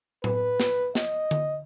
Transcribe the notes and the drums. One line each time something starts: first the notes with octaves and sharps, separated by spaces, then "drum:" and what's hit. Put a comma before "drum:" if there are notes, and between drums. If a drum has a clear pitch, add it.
B4, drum: tom A2
drum: snare
D#5, drum: snare
drum: tom D3